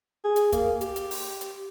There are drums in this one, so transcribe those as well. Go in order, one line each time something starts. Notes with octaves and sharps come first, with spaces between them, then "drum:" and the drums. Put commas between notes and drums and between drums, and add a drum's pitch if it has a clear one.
G#4
drum: hi-hat
A#3, drum: kick, hi-hat
G4, drum: hi-hat
drum: hi-hat
drum: open hi-hat
drum: hi-hat